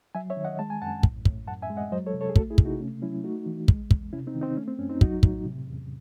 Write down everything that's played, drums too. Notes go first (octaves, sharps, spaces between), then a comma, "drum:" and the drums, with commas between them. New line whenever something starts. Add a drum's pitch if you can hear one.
F#3 E5 G#5
C#5 E5
D#3
D#5 F#5
G#3 A5
G#5
F#2 F#5 A5
A2, drum: kick
A2, drum: kick
F#2 F#5 A5
E5 G#5
G#3
D#5 F#5
F#3 C5 D#5
A4 C#5
C3
A4 C#5
G#4
A3 F#4 A4, drum: kick
E4 G#4
C3, drum: kick
D#4 F#4
A3 C#4
F#3 C#4 E4
A3 D#4 F#4
E3
G#3, drum: kick
E2, drum: kick
C3 C#4 E4
C4 D#4
D#3
C4 D#4
A3 C#4
C4
F#2 C#4
C4 D#4
F#3 D#4 F#4, drum: kick
A2, drum: kick
C3
E2